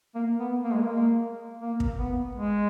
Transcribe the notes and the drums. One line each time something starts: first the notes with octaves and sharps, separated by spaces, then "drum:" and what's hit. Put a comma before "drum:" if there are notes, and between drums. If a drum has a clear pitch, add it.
A#3
B3
A#3
G#3
A#3
A#3
drum: kick
B3
G#3